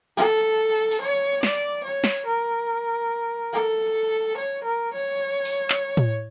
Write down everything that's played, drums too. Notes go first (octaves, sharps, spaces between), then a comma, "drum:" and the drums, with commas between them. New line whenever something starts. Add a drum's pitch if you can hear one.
A4
drum: open hi-hat
C#5
D5, drum: snare
C#5
drum: snare
A#4
A4
C#5
A#4
C#5
drum: open hi-hat
drum: clap
drum: tom A2